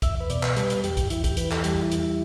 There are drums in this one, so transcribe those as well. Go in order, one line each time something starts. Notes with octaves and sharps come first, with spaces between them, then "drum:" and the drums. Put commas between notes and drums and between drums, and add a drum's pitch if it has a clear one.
E2 E5, drum: kick C2, hi-hat
B4
B2 D5, drum: hi-hat
B4, drum: clap
G3 B4, drum: hi-hat
drum: hi-hat
E2 G4, drum: hi-hat
drum: kick C2, hi-hat
E2 E4, drum: hi-hat
G4, drum: kick C2, hi-hat
E3 B4, drum: hi-hat
A4, drum: clap
G3 G4, drum: hi-hat
E4
E2, drum: hi-hat
E4